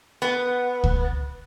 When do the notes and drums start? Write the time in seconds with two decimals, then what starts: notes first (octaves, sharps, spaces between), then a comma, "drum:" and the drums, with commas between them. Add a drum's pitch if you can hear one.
0.22 B3
0.84 drum: kick C#2